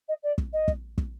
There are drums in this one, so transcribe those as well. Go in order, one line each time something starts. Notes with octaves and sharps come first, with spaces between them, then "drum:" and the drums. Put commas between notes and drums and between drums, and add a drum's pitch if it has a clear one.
D#5
D5
drum: kick
D#5
drum: kick
drum: kick